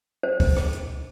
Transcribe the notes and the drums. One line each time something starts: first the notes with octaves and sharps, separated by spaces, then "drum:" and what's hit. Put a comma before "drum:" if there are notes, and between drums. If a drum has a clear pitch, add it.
C5
drum: kick C#2, open hi-hat
drum: rim click
drum: hi-hat